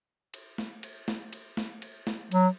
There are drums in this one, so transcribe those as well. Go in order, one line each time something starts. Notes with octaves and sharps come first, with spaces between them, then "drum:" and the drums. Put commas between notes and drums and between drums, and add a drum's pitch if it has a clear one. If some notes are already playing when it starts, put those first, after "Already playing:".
drum: cymbal
drum: snare
drum: cymbal
drum: snare
drum: cymbal
drum: snare
drum: cymbal
drum: snare
F#3, drum: cymbal